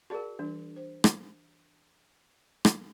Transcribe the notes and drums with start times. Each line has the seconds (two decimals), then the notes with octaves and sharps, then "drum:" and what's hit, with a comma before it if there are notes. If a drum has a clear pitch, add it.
0.10 F#4 G#4 A#4 D5 F#5 A5
0.39 E3 G3 D4
0.76 C5
1.04 drum: rim click
2.65 drum: rim click